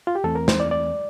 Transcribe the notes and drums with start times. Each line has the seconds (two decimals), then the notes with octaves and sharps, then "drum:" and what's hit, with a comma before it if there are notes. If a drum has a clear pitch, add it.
0.07 F4
0.15 G4
0.24 E2 E3 A3 C4 A4
0.35 A#4
0.48 C5, drum: snare
0.60 D5
0.71 D5